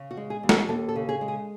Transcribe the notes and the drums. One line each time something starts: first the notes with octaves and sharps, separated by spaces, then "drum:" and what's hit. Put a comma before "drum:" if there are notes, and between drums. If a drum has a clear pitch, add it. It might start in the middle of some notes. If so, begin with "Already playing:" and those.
Already playing: C#3
F#4
G#3
G#4
D#2
A4, drum: snare
D#2 A4
A4
C#3
G#4
G#3
G#4